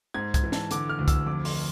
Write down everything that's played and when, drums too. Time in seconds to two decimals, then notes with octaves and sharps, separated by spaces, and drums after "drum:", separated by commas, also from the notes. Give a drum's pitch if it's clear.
0.14 G#2 G#6
0.34 G#6, drum: kick, hi-hat
0.43 E3
0.52 A5, drum: snare
0.71 D3 D6, drum: hi-hat
0.89 F6
0.99 D2
1.08 E6, drum: kick, hi-hat
1.26 F2 D6
1.45 C6, drum: open hi-hat